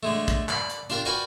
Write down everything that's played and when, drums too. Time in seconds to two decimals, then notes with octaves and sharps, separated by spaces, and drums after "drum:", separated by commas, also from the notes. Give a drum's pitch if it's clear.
0.03 D3 G#3 A3
0.28 drum: kick, hi-hat
0.49 D5 B5, drum: clap
0.70 drum: hi-hat
0.90 D4 F4 G4 A#4, drum: hi-hat
1.05 F#4 A#4 B4 D5 G5 G#5